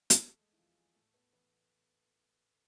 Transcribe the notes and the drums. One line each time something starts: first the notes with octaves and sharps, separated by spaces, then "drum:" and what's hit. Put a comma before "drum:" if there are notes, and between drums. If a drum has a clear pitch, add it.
drum: hi-hat
E2 A3 A4
G#3 G#4
E4
C3 E3 F3 F4
G#3 G#4
A2 A3 A4
B3 B4
E3 B3 B4